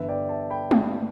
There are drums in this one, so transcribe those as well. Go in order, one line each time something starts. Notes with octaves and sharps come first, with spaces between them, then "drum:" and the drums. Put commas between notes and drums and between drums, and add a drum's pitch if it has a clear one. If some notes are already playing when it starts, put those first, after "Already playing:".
Already playing: G1 G2 E3 B4 E5
D5 G5
E5 A5
G5 B5
drum: tom G#3